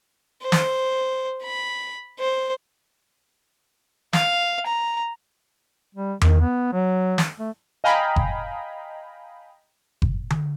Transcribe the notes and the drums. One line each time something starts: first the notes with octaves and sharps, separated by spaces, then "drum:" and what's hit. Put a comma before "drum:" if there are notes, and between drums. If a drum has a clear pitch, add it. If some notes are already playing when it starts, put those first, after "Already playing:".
C5
drum: snare
B5
C5
F5, drum: snare
A#5
G3
D#3, drum: tom E2
B3
F#3
drum: snare
A3
D#5 F5 G5 G#5 A#5 B5
drum: kick F#1
drum: kick F#1
drum: tom D3